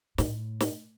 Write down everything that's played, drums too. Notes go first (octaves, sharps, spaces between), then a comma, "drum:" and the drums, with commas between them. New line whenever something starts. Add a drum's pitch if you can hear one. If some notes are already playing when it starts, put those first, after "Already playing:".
A2, drum: snare
drum: snare